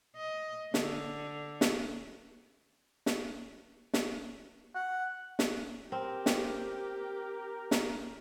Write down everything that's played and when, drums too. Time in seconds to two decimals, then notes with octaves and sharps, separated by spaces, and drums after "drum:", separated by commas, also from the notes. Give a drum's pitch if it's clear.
0.17 D#5
0.74 D3, drum: snare
1.61 drum: snare
3.06 drum: snare
3.94 drum: snare
4.75 F#5
5.39 drum: snare
5.92 C4 G4 A#4
6.26 drum: snare
7.71 drum: snare